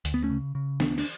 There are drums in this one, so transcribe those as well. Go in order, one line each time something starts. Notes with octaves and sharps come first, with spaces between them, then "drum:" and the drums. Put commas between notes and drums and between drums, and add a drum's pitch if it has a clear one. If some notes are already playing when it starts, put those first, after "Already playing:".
D2, drum: hi-hat
B3
A3 C#4
C#3
C#3
D2 B3 D4, drum: snare
D4, drum: cymbal